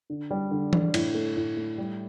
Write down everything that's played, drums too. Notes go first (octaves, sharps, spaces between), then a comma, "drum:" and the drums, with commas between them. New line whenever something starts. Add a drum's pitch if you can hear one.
D3
G3
D3
D3, drum: tom E3
A2, drum: cymbal
A3
A2
A3
G3